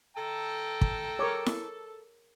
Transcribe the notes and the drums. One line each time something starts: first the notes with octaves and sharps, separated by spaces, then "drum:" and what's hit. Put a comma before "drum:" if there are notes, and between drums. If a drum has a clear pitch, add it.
A4 G5 A#5
drum: kick
G#4 A#4 C#5 D6
drum: snare E4